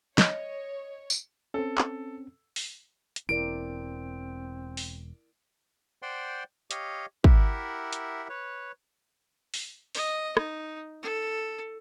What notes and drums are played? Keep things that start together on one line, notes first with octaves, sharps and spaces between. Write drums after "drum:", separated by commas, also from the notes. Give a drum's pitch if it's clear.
C#5 D#5, drum: snare
drum: tambourine
C4 C#4 A4
drum: clap
drum: open hi-hat
drum: hi-hat
E1 C4 E4 A#4 D5 D7
drum: open hi-hat
C5 D5 F#5 G5 C6
G4 C#5 D#5 F5, drum: hi-hat
E4 G4 A#4 E5 F#5, drum: kick
drum: hi-hat
B4 C#5
drum: open hi-hat
D#5, drum: open hi-hat
D#4, drum: rim click
A4